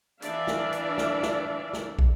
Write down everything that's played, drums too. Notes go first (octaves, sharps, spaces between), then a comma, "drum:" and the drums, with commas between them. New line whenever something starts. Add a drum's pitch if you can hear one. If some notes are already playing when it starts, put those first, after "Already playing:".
E3 D4 D5 E5 F5, drum: hi-hat
drum: snare
drum: hi-hat
drum: snare
drum: snare
drum: snare
drum: kick